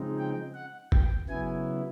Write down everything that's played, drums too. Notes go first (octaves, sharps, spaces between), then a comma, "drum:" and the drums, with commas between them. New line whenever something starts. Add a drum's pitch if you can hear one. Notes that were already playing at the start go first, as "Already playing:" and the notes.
Already playing: C#3 F3 G#3 C4 D#4
G5
F#5
G5, drum: kick G1
C#3 F#3 B3 E4 G#5